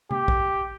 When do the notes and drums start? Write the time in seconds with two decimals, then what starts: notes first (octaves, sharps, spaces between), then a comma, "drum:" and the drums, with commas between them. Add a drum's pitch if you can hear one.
0.11 G4, drum: tom C3
0.28 drum: kick